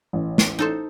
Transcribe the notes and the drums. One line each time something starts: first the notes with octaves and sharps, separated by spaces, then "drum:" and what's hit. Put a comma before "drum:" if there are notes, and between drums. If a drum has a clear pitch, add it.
A1
drum: snare
D#4 A4 C5